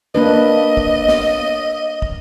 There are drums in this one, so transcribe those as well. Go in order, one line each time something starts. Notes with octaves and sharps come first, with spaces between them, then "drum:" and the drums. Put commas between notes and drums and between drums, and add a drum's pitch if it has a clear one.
A#3 D4 B4 D#5
drum: kick
drum: snare
drum: kick